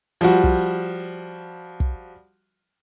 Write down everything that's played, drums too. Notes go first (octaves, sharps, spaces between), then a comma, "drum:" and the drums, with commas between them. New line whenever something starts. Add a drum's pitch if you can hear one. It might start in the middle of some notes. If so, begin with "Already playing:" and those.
F3 G3 F#4
drum: kick
drum: kick